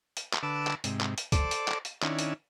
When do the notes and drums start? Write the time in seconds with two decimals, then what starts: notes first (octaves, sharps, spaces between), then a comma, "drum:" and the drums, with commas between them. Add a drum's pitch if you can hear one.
0.17 drum: hi-hat
0.34 drum: clap
0.43 D3 B4 A5 D6 E6
0.67 drum: clap
0.84 G#2 C3, drum: hi-hat
1.01 drum: clap
1.18 drum: hi-hat
1.32 A4 C5 D5 D6, drum: kick C#2, hi-hat
1.51 drum: hi-hat
1.68 drum: clap
1.85 drum: hi-hat
2.03 D#3 C#4 D4 E4, drum: clap
2.19 drum: hi-hat